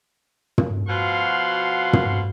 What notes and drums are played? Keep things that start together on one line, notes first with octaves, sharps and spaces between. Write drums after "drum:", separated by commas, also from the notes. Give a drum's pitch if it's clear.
drum: tom
B2 F3 F#4 F5 F#5 C6
drum: tom